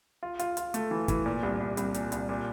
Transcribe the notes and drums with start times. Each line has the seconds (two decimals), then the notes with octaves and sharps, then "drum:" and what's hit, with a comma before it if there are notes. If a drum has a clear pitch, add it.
0.23 F4
0.39 F4, drum: hi-hat
0.57 F4, drum: hi-hat
0.74 A3, drum: hi-hat
0.91 E3
1.08 E3, drum: kick, hi-hat
1.26 A#2
1.43 C2
1.60 C2
1.77 C2, drum: hi-hat
1.94 A#2, drum: hi-hat
2.12 C2, drum: hi-hat
2.29 A#2